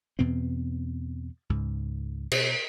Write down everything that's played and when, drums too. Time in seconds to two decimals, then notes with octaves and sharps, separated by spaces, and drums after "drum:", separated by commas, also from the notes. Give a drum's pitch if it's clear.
0.19 E2 B2 B3 C4
1.49 C#2 G#2
2.32 B2, drum: cymbal